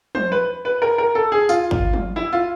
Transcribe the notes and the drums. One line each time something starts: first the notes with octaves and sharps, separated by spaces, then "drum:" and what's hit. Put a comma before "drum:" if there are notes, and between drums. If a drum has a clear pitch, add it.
C5, drum: tom
B4
B4
A#4
A#4
A4
G#4
F4, drum: tambourine
drum: kick
drum: tom
E4
F4